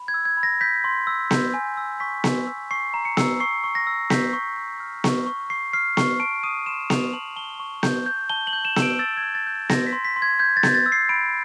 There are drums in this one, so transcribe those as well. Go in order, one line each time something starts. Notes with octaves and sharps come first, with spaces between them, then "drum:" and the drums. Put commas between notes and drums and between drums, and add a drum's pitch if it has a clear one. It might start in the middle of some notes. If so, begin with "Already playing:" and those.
Already playing: B5
G#6
E6
G#6
B5
A#6
G6 B6
C6
E6
G6, drum: snare B3
G#5
E6
C#6 B6
G6, drum: snare B3
E6
C#6 C7
A#5
C#7
E6, drum: snare B3
C#6 C7
C#6
A#6
E6
G6 B6, drum: snare B3
C#6
C#6
F6
C#6, drum: snare B3
C#6
C#6 C7
F6 C7
C#6, drum: snare B3
A5 D7
D#6 D#7
C6 E7
D#6 F7, drum: snare B3
A5 F#7
A5 G7
C#6
G6, drum: snare B3
G6
A5 G7
F#7
G6
E7
E6, drum: snare B3
D7
E6 A6
G#6
E6
A6
G6
C6 A#6, drum: snare B3
B6
C6
B6
C6
G#6
G6 G#6
A6
G6, drum: snare B3
A6
E6
C7
B5 D7